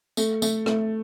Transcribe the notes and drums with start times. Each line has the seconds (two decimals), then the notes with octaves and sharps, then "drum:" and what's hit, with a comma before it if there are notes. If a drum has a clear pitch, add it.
0.17 A3, drum: tambourine
0.42 A3, drum: tambourine
0.66 A3, drum: rim click